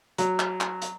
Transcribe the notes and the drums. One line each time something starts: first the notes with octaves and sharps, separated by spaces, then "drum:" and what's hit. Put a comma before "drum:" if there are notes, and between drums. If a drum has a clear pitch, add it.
F#3, drum: hi-hat
drum: clap
drum: clap
drum: hi-hat